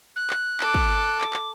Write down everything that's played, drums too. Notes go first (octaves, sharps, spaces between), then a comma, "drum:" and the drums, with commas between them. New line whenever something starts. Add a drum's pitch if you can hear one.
F#6
drum: clap
A4 D6, drum: clap
drum: kick
D6, drum: clap
drum: clap